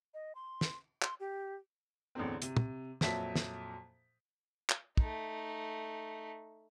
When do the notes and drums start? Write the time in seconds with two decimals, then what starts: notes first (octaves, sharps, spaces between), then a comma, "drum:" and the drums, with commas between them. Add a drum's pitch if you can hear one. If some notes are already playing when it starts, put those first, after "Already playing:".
0.14 D#5
0.35 C6
0.61 drum: snare
1.02 C6, drum: clap
1.20 G4
2.15 A1 E2 D3 C4
2.42 C3, drum: hi-hat
2.57 drum: tom
3.01 F2 A#2 F#3 E5 A5 B6, drum: snare
3.36 drum: snare
4.70 drum: clap
4.97 A3 D#4, drum: kick